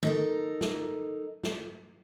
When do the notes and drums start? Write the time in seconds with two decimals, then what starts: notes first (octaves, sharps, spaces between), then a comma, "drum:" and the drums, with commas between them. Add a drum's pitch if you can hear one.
0.03 D#4 A4 A#4, drum: tom D3
0.61 drum: snare
1.43 drum: snare